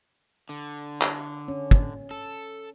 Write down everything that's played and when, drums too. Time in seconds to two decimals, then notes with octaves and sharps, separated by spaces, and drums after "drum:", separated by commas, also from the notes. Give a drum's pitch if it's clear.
0.49 D3
1.02 drum: clap
1.48 C#4
1.71 drum: kick
2.11 A4